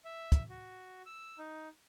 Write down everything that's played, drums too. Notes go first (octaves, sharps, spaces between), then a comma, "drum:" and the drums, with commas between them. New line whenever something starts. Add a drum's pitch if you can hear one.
E5
drum: kick, hi-hat
F#4
E6
D#4